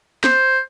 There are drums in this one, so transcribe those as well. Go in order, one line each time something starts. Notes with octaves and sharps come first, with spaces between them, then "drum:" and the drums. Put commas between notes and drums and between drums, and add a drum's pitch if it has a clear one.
C5, drum: snare